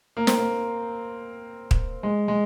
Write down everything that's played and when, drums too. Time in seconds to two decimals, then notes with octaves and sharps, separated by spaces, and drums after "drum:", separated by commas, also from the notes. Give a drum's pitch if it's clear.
0.17 A#3
0.27 C4, drum: snare
0.38 A#3
1.71 drum: kick
2.03 G#3
2.28 G#3